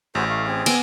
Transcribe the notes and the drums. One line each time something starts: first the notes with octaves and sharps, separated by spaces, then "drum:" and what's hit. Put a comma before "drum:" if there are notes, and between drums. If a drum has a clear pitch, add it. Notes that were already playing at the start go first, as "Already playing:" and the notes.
A1 F#4 G#4 C5
A3 F5
C4 G#4
B3 D#5 G#5 D6, drum: cymbal